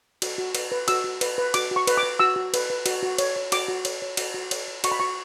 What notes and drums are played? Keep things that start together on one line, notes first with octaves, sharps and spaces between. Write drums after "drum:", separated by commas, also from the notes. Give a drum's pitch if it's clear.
F#4, drum: cymbal
F#4
B4, drum: cymbal
B4
F#4 E6, drum: cymbal
F#4
B4, drum: cymbal
B4
F#4 D6, drum: cymbal
F#4
C#6
B4, drum: cymbal
D6
B4
F#4 E6
F#4
B4, drum: cymbal
B4
F#4, drum: cymbal
F#4
C#5, drum: cymbal
C#5
F#4 D6, drum: cymbal
F#4
C#5, drum: cymbal
C#5
F#4, drum: cymbal
F#4
C#5, drum: cymbal
C#5
F#4 C#6, drum: cymbal
B5
F#4 C#6